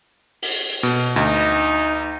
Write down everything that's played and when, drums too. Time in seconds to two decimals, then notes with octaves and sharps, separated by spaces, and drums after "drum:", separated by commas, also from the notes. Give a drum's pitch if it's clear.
0.42 drum: open hi-hat
0.83 B2
1.16 D2 D#4